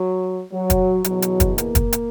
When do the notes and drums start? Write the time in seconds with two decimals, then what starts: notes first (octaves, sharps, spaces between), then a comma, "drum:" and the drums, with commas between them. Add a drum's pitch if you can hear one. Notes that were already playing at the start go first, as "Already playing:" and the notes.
Already playing: F#3
0.52 F#3
0.70 drum: kick, hi-hat
1.04 E2 B2 F#3, drum: hi-hat
1.22 drum: hi-hat
1.40 drum: kick, hi-hat
1.58 A#3, drum: hi-hat
1.75 drum: kick, hi-hat
1.93 drum: hi-hat